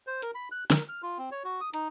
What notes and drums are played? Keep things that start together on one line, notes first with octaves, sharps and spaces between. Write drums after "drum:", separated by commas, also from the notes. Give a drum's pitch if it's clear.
C5
A#4, drum: hi-hat
B5
F#6
A#4, drum: snare
F6
F4
C4
C#5
F#4
D#6
D#4, drum: hi-hat